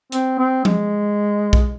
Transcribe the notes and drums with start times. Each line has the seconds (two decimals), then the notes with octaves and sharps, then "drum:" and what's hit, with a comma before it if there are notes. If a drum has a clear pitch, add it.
0.12 C4, drum: hi-hat
0.39 C4
0.65 G#3, drum: tom F3
1.53 drum: kick